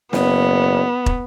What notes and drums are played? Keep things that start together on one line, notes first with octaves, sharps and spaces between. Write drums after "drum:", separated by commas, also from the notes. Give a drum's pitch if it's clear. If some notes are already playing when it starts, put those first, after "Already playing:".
F#1 B3, drum: snare
drum: kick